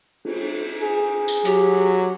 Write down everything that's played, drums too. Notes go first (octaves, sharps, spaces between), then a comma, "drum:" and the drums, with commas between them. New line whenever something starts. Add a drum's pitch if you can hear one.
drum: cymbal
G#4
drum: tambourine
F#3 G4, drum: hi-hat